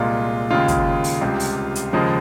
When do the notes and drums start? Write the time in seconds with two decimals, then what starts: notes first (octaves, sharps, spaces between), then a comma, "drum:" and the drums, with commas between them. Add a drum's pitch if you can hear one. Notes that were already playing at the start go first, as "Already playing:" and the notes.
Already playing: C2 A#2 G#3 F4
0.50 D#2 C#3 G#3 F4
0.68 drum: kick, hi-hat
1.04 drum: open hi-hat
1.21 C#2 C3 G3
1.40 drum: open hi-hat
1.75 drum: hi-hat
1.93 D#2 C#3 F3 G#3 D#5